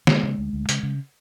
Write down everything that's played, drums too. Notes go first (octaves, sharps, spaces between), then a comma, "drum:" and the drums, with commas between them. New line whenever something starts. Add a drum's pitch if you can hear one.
C#3 G#3, drum: snare
C#3
D2
D2
C#3, drum: hi-hat
C#3